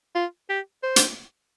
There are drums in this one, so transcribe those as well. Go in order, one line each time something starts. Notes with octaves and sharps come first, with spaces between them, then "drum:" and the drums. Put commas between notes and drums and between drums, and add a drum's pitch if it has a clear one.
F4
G4
C5
drum: hi-hat